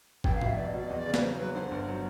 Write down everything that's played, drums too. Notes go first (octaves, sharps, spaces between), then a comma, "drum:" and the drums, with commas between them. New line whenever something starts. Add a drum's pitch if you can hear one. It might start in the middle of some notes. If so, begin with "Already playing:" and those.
F1 G5, drum: kick G#1
F5
B2 E5, drum: tom G#2
F1 D5
D#5
B2 D5
E2 D#5
D5
C#3
B4, drum: snare
F#3 C5
F#3 B4
D3 C5
G1
F#3